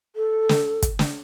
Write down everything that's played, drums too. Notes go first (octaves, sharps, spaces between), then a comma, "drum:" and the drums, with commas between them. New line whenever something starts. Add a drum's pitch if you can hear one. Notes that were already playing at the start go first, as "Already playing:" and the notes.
A4
drum: snare
drum: kick, hi-hat
drum: snare